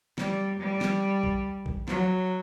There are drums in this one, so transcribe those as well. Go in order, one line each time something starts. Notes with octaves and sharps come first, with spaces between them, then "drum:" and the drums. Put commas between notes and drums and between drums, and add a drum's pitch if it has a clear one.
G3, drum: snare
G3
drum: snare
drum: kick
drum: kick
F#3, drum: snare